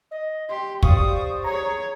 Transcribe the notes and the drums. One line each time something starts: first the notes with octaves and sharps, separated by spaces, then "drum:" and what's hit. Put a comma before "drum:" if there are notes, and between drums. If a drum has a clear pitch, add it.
D#5
G4 C6
G4 C5 D5 F5 C#6 D#6, drum: kick
G#4 C#5 A#5